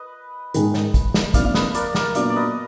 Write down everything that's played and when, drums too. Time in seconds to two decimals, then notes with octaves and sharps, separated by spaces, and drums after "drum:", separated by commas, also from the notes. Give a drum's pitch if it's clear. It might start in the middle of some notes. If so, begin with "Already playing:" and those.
Already playing: B4 D#5
0.54 G#2 D#3 G#3 D#4, drum: hi-hat
0.74 drum: snare
0.94 drum: kick, hi-hat
1.14 drum: snare
1.34 F2 D#3 A#3 D4 D5 F5, drum: kick, hi-hat
1.45 F5
1.54 B4 D#5, drum: snare
1.75 A#4 D5, drum: hi-hat
1.95 A#4 D5, drum: snare
2.15 A#2 F#3 B3 D4 F4 D5 F5, drum: hi-hat
2.30 D5
2.36 B4 D#5